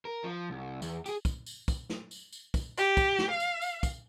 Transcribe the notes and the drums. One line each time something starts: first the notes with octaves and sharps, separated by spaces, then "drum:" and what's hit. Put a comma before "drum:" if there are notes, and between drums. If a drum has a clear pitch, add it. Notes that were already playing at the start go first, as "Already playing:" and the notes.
A#4
F3
C2
E2, drum: tambourine
G4 G#4, drum: tambourine
drum: kick, tambourine
drum: tambourine
drum: kick, tambourine
drum: snare
drum: tambourine
drum: tambourine
drum: kick, tambourine
G4, drum: tambourine
drum: kick, tambourine
drum: snare
F5
drum: tambourine
drum: tambourine
drum: kick, tambourine